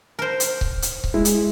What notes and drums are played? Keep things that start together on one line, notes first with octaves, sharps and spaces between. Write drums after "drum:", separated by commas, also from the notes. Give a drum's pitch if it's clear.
A#4 C5
drum: hi-hat
drum: kick C#1
drum: hi-hat
drum: kick C#1
G#3 E4
drum: hi-hat